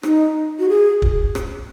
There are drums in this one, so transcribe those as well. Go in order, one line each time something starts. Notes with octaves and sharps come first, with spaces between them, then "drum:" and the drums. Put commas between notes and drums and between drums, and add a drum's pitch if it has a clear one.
D#4, drum: rim click
F#4
G#4
drum: kick
drum: rim click